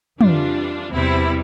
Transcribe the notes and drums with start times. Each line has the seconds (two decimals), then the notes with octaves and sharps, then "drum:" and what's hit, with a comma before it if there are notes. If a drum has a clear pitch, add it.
0.21 F2 E3 G3 D4 F4, drum: tom
0.92 E2 C3 G3 C4 E4